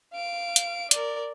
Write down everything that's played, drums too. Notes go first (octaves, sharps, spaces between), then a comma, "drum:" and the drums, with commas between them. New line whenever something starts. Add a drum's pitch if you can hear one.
F5 D7
drum: hi-hat
A#4 D5, drum: hi-hat